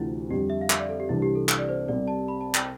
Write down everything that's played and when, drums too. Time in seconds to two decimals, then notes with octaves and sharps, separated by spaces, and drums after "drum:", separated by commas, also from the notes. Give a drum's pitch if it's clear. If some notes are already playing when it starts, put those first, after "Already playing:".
Already playing: D2 C3 E3 A3 D4 E4 F4 A4
0.30 F2 D3 G3 G4
0.50 E5
0.61 F5
0.70 E5, drum: clap
0.80 D5
0.89 A4
1.00 G4
1.09 C2 C3 E3 G3 D4 E4
1.22 G4
1.35 A4
1.49 drum: clap
1.58 D5
1.69 C5
1.88 C2 C3 G3 D5
2.08 A5
2.28 B5
2.41 A5
2.54 G5, drum: clap